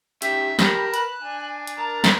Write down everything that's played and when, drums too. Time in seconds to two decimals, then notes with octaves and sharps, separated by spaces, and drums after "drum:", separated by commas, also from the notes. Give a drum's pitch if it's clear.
0.22 C#4 D#4 G4 E5, drum: hi-hat
0.59 G4 A#4 A5 B5, drum: snare
0.94 B4 F#6, drum: hi-hat
1.22 D4 G#5
1.67 drum: hi-hat
1.78 A#4 A5 A#5
2.04 drum: snare